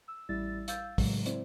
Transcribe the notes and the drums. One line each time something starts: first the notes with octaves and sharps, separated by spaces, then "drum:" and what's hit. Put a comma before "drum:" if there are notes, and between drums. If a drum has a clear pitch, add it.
E6
A1 G3 E4 D5 E6 A6
F5 E6 G6 A6, drum: hi-hat
A2 C#3 F#3 G#3, drum: kick, open hi-hat
C4 E4 C5 D5, drum: hi-hat